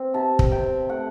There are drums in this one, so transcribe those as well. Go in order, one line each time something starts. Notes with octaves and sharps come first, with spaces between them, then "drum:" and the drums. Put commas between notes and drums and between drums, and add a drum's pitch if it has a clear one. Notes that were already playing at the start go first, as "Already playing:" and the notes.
Already playing: C4
C3 A5
drum: kick
C3 G5
A3 F#5